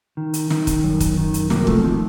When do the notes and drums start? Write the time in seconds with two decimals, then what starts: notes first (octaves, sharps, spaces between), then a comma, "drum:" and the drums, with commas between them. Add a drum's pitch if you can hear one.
0.17 D#3
0.33 drum: hi-hat
0.50 D#3, drum: snare
0.67 drum: kick, hi-hat
0.84 F#2
1.00 drum: kick, hi-hat
1.18 D#3
1.34 drum: hi-hat
1.50 C3 F#3 A#3, drum: snare
1.67 F3 A3, drum: kick
1.84 D#3 F3